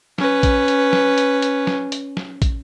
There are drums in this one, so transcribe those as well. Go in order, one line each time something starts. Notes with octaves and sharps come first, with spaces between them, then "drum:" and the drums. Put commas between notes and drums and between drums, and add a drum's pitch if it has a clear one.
C#4 B4, drum: snare
drum: kick, hi-hat
drum: hi-hat
drum: snare
drum: hi-hat
drum: hi-hat
drum: snare
drum: hi-hat
drum: snare
drum: kick, hi-hat